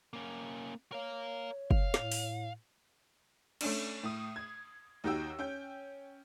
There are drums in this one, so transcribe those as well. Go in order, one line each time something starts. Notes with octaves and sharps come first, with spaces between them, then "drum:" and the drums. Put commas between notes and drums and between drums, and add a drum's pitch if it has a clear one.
A#3 C#4
A#4 C#5 F5
F5, drum: kick
A2, drum: snare
drum: open hi-hat
A3 C#4 D4, drum: cymbal
A2 D#6
G#6
D#2 D#4 F#4 G4 G5 E6
C#4 G5 G6